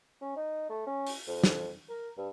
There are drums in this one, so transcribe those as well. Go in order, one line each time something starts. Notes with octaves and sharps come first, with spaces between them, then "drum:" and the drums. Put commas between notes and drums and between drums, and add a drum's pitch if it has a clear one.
C#4
D#4
A3
C#4
drum: open hi-hat
F2
drum: snare
A#4
G2